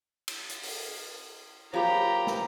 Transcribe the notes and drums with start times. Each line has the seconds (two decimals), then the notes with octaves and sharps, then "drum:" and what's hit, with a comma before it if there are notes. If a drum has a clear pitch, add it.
0.28 drum: cymbal
0.49 drum: hi-hat
0.63 drum: open hi-hat
1.74 F3 F#3 A#3 G4 F5 A#5 B5
2.27 drum: snare